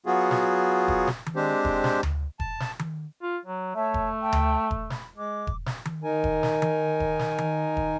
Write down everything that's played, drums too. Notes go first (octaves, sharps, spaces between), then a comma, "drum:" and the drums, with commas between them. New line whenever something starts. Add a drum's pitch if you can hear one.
F#3 B3 F4 F#4 G#4
drum: snare
drum: kick E1
drum: snare
drum: tom D#3
G#3 C4 D4 G4 C5
drum: kick E1
drum: snare
drum: tom D2
A5, drum: kick E1
drum: snare
drum: tom D#3
F4
F#3
A3 C#5 E5 A5
drum: kick E1
E5 G5 A5
drum: tom D2
drum: kick E1
B5, drum: snare
G#3 D6
drum: kick E1
drum: snare
drum: tom D#3
D#3 D#4 A#4 G#5
drum: kick E1
drum: snare
drum: tom D#3
drum: kick E1
drum: snare
drum: tom D#3
drum: kick E1